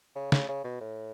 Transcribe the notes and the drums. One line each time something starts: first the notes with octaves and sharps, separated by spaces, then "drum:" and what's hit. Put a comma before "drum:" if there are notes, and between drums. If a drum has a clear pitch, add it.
C#3
C#3, drum: snare
C#3
B2
A2